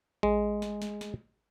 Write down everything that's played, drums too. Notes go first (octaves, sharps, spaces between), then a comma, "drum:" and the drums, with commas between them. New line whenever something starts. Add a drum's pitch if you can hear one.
G#3, drum: kick A1
drum: snare
drum: snare
drum: snare